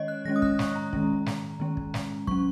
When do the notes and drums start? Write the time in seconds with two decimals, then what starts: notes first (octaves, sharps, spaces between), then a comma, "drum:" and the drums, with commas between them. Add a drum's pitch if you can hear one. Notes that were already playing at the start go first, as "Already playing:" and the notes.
Already playing: D#3 G#3 C#4 C#5 D#5
0.08 F#6
0.25 D#3 G#3 C#4 A#6
0.36 D#6
0.42 F#6, drum: kick
0.59 C#6, drum: snare
0.76 A#5
0.93 D#3 G#3 C#4, drum: kick
1.26 drum: snare
1.60 D#3 G#3 C#4
1.77 drum: kick
1.94 drum: snare
2.27 F#3 C#4 C#6, drum: kick